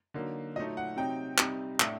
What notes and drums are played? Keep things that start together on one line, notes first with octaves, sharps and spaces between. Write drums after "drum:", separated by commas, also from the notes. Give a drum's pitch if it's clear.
D3 F#3 A#3 D#4
A#2 F#3 A3 D#4 D#5
F#5
C3 F#3 C4 D#4 G5
C3 G3 C4 D#4, drum: clap
A2 A3 D4, drum: clap